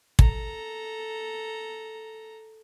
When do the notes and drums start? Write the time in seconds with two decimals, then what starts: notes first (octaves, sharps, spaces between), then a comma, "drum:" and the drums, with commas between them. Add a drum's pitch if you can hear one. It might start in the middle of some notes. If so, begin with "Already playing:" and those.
0.19 A4 A#5, drum: kick